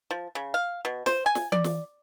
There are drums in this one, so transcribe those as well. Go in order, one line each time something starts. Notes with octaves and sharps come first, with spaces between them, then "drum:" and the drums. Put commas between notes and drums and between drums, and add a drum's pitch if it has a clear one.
F3
C#3
F5
B2
C5, drum: snare
G#5
drum: snare
D5, drum: tom E3
drum: snare